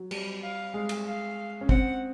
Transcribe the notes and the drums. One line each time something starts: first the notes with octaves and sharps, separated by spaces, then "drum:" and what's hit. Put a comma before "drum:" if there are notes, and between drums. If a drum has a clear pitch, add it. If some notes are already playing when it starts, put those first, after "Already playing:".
Already playing: F#3
G3, drum: cymbal
F5
G#3
drum: cymbal
F5
C#4
C4 F#5, drum: kick